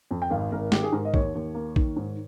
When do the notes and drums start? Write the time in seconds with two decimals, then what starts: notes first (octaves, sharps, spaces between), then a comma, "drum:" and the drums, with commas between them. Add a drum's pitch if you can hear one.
0.11 F2
0.22 G5
0.30 G#1 F5
0.52 G#1 A#4
0.72 D#3 G4, drum: snare
0.83 G#4
0.92 G#2 A#4
1.05 D#5
1.14 D#2 C#5, drum: kick
1.35 D#2
1.55 A#3
1.76 D#3, drum: kick
1.96 G#2